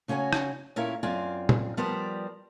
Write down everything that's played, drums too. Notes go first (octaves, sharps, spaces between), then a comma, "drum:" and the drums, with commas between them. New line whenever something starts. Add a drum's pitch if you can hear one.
C#3 C#4 F#4 C#5 G#5
drum: rim click
A#2 C#4 E4 A#4 C#5 F5
F#2 C4 F4 D5 G#5
drum: tom A#2
F3 G3 B3 A#4 C5 D5